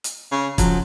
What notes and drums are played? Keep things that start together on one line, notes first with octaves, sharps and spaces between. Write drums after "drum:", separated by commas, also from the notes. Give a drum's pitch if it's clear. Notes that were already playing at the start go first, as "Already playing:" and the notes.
drum: hi-hat
C#3
A#2 C#3 F3 F#3, drum: kick, hi-hat